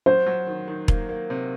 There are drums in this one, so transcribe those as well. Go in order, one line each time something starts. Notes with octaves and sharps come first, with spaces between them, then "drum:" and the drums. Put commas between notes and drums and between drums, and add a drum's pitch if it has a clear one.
F#3 C5
F#3
D#3
D#3
A#3, drum: kick E1
A#3
C3